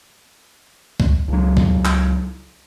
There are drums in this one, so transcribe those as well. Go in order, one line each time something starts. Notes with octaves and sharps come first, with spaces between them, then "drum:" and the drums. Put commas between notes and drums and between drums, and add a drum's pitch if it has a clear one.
drum: kick C#2
C#2 F#3
drum: kick C#2
drum: clap